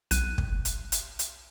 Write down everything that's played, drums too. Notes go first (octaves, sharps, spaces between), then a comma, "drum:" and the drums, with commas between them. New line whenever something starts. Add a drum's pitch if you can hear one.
B1 F#6 D#7, drum: hi-hat
drum: kick
drum: hi-hat
drum: hi-hat
drum: hi-hat